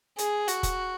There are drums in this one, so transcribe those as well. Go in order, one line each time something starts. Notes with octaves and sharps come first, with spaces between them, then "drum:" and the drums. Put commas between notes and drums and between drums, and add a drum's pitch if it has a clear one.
G#4, drum: hi-hat
F#4, drum: hi-hat
drum: kick, hi-hat